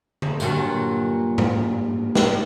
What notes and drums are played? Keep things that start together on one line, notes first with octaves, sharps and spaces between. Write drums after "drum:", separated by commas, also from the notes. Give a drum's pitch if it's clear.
drum: tom D3
G2 A#2 F#3, drum: tambourine
drum: tom G#2
drum: snare